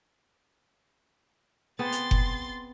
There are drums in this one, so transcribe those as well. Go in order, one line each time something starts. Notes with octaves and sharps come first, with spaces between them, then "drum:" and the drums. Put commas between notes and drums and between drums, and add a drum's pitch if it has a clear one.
B3 C4 G#4 C6 A6
drum: hi-hat
drum: kick F#1